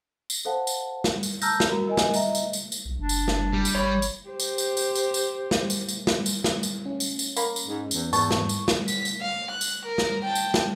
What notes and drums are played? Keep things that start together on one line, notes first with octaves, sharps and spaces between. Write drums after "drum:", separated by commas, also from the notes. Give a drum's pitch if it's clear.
drum: tambourine
A4 C5 F5 F#5 A5
drum: tambourine
drum: snare
drum: tambourine
A5 A#5 E6 F6 G6 A#6, drum: tambourine
drum: snare
F#4 A#4 A#5
A#4 D#5 G#5
drum: snare
D#5 E5 A#5, drum: tambourine
drum: tambourine
drum: tambourine
drum: tambourine
B1
F#1 D4
drum: tambourine
drum: snare
G3
drum: tambourine
G#1 C#5 B5
drum: tambourine
G4 C5
drum: tambourine
drum: tambourine
drum: tambourine
drum: tambourine
drum: tambourine
drum: snare
drum: tambourine
drum: tambourine
drum: snare
drum: tambourine
drum: snare
drum: tambourine
C#4
drum: tambourine
drum: tambourine
A#3 B5, drum: tambourine
drum: tambourine
G#2
E2, drum: tambourine
E2 G#2 A5 C#6, drum: tambourine
drum: snare
drum: tambourine
drum: snare
B6, drum: tambourine
drum: tambourine
F5
F#6
drum: tambourine
A#4
drum: snare
G5 A5
drum: tambourine
drum: snare